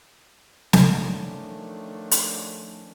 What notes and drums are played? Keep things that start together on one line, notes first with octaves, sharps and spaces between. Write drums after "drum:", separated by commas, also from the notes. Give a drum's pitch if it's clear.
D#3 F3 A3 C#4 D4, drum: snare
drum: hi-hat